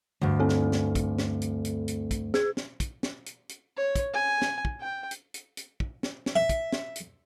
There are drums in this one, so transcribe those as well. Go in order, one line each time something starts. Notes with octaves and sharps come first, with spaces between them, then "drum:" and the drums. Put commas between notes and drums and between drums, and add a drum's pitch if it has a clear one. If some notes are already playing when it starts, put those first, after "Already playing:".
D2 G2
C4 A4
drum: snare
drum: snare
drum: kick, hi-hat
drum: snare
drum: hi-hat
drum: hi-hat
drum: hi-hat
drum: kick, hi-hat
G#4 G#6, drum: snare
drum: snare
drum: kick, hi-hat
drum: snare
drum: hi-hat
drum: hi-hat
C#5
drum: kick, hi-hat
G#5
drum: snare
drum: kick
G5
drum: hi-hat
drum: hi-hat
drum: hi-hat
drum: kick
drum: snare
drum: snare
E5
drum: kick, hi-hat
drum: snare
drum: hi-hat